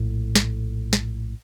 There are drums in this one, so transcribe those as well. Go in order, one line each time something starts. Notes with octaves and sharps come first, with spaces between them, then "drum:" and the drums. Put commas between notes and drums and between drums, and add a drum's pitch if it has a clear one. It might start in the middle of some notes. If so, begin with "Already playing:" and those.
Already playing: A#1 A2
drum: snare
drum: snare